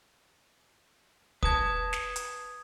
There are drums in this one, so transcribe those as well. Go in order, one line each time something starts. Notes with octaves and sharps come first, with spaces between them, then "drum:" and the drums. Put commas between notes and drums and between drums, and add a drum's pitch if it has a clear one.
B4 A5 D#6 G#6, drum: kick
drum: snare
drum: hi-hat